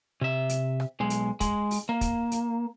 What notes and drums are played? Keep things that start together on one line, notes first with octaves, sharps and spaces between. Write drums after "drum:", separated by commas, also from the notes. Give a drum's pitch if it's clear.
C3 E5
drum: hi-hat
drum: rim click
B1 G#3
drum: hi-hat
G#3, drum: kick, hi-hat
drum: open hi-hat
A#3
drum: kick, hi-hat
drum: hi-hat